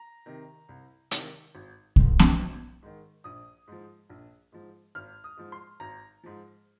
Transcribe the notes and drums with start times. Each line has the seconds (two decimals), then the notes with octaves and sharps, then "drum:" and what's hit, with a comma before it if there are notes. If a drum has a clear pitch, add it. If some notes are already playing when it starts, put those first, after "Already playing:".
Already playing: A#5
0.26 C3 D#3
0.69 C2
1.11 C3, drum: hi-hat
1.16 D#3
1.55 G#1
1.96 G#2 D#3, drum: kick
2.19 drum: snare B3
2.39 G#1
2.82 G#2 D#3
3.24 A#1 D#6
3.68 G#2 F3
4.10 A#1
4.52 G#2 F3
4.95 G#1 F6
5.24 D#6
5.37 G#2 F3
5.52 C6
5.80 G#1 A#5
6.23 G#2 F3